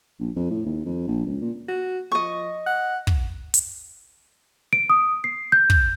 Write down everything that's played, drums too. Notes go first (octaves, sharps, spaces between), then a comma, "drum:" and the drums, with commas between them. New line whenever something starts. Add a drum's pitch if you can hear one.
A#1
F2
A2
D#2
F2
A#1
C#2
A#2
F#4
F3 D#5 C#6
F#5
drum: kick
drum: hi-hat
D7
D#6
C7
G6
drum: kick